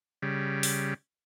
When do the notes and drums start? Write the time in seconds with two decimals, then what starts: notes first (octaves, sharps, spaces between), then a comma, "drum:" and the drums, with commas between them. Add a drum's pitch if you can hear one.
0.22 C#3 G3
0.63 drum: open hi-hat